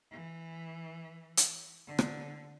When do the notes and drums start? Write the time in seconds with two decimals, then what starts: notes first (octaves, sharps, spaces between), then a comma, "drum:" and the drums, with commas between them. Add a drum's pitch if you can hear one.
0.11 E3
1.37 drum: hi-hat
1.87 D3
1.99 drum: rim click